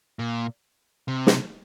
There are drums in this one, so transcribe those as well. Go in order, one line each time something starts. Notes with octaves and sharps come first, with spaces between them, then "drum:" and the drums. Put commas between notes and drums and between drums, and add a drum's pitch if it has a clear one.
A#2
C3
drum: snare